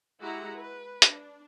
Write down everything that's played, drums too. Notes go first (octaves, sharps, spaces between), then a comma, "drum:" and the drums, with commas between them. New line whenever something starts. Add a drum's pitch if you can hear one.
G#3 E4 F#4 G4 F#5 A#5
B4
D4, drum: hi-hat